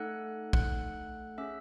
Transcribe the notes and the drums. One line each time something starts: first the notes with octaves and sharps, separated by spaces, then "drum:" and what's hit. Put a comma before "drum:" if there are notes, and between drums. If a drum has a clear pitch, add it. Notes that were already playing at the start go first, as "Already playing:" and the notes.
Already playing: A3 D#4 A4 F#5 F#6
F#5 F#6, drum: kick
C#4 G#4 E5 E6